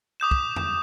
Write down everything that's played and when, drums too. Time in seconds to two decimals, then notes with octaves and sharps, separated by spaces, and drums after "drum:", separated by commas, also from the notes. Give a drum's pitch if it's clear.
0.20 D6 D#6 G6 E7
0.31 drum: kick
0.56 drum: tom E2